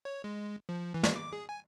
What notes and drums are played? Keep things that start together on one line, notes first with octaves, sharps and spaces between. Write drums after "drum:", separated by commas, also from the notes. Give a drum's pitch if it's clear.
C#5
G#3
F3
E3
drum: snare
D6
G#4
G#5